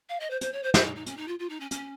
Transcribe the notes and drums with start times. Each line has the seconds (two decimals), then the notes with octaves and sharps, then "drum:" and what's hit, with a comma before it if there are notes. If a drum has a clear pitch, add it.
0.09 F5
0.20 D#5
0.30 C5
0.41 C5, drum: hi-hat
0.53 C#5
0.63 C5
0.74 C5, drum: snare
0.85 D#4
0.96 D#4
1.06 C#4, drum: hi-hat
1.17 D#4
1.28 F4
1.39 F4
1.49 D#4
1.60 C#4
1.71 C#4, drum: hi-hat